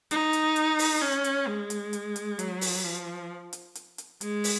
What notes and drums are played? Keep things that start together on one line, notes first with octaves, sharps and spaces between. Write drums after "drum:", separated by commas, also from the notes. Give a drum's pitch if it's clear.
D#4, drum: hi-hat
drum: hi-hat
drum: hi-hat
drum: open hi-hat
C#4
drum: hi-hat
G#3
drum: hi-hat
drum: hi-hat
drum: hi-hat
F#3, drum: hi-hat
drum: open hi-hat
F3
drum: hi-hat
drum: hi-hat
drum: hi-hat
G#3, drum: hi-hat
drum: open hi-hat